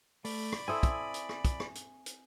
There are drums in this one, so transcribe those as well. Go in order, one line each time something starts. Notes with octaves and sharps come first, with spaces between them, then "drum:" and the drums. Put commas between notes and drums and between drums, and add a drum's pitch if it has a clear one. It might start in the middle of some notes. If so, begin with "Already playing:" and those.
A3 D5 B5, drum: open hi-hat
drum: rim click
C4 E4 A4 G#5 D#6
drum: kick, hi-hat
drum: hi-hat
drum: rim click
drum: kick, hi-hat
drum: rim click
drum: hi-hat
drum: hi-hat